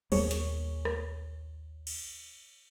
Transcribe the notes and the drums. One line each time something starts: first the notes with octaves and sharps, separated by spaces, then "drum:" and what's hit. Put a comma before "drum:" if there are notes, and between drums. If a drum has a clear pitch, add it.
A#1 D#2 A#3 G#4 C#5, drum: cymbal
drum: hi-hat
drum: rim click
drum: cymbal